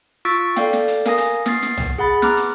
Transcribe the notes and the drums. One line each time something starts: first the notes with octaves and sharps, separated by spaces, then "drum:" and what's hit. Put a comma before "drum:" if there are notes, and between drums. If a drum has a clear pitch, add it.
F4 C#6 E6 A6 B6 D7
A4 D5 F5 G5, drum: snare
drum: snare
drum: hi-hat
A#4 F5 G#5 D#6 A#6, drum: snare
drum: hi-hat
A#3 B3 A6 C7, drum: snare
drum: snare
drum: tom B1
G#4 F#5 B5 A6
B3 A#5 D6 F6 F#6, drum: snare
drum: hi-hat